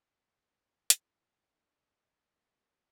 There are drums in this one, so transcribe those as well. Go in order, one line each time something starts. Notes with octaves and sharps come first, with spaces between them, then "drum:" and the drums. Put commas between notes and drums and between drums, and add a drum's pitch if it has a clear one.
A2, drum: hi-hat
D4 D#4 A4
G3 A#3